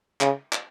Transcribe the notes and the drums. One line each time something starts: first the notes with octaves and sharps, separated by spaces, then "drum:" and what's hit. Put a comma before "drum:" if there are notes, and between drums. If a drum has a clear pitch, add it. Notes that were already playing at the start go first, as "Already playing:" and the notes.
C#3, drum: clap
drum: clap